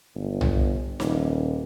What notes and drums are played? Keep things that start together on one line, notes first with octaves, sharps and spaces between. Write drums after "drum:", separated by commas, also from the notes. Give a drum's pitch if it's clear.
G1
drum: tom
D#1, drum: snare